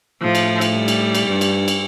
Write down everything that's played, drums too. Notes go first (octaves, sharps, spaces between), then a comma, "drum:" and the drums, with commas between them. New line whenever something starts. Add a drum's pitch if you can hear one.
A2 F3
drum: cymbal
drum: cymbal
G3
drum: cymbal
drum: cymbal
G2
drum: cymbal
drum: cymbal